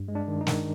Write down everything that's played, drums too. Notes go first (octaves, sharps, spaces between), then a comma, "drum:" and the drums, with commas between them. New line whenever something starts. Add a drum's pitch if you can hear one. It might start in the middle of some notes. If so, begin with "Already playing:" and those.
Already playing: G2
G#3
D4
D#3
D#4
D#3, drum: snare